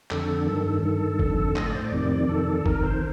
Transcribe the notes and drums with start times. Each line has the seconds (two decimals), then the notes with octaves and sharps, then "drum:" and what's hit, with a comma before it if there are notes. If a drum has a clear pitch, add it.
0.11 F2 D3 A4, drum: clap
0.47 G2 D#3 A4
0.83 G2 D#3 A4
1.19 F2 D3, drum: kick F#1
1.56 A2 D#5, drum: clap
1.66 D5
1.75 C5
1.84 D5
1.92 F2 C3 D#3
2.29 F2 D#3 A4
2.66 F2 D#3 A#4, drum: kick F#1
2.83 C5